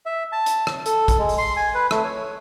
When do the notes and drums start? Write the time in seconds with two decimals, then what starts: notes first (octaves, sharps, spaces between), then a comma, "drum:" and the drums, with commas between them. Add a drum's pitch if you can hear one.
0.06 E5
0.32 A5
0.46 drum: hi-hat
0.67 drum: rim click
0.86 A4, drum: hi-hat
1.08 drum: kick, hi-hat
1.19 G#3
1.29 drum: open hi-hat
1.38 C6
1.56 G#5
1.75 B4
1.91 A3, drum: rim click
2.04 C#5